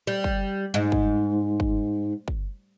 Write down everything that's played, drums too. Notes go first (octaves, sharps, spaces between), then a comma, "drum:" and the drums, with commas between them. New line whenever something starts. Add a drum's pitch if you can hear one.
G3
drum: kick
G#2
drum: kick
drum: kick
drum: kick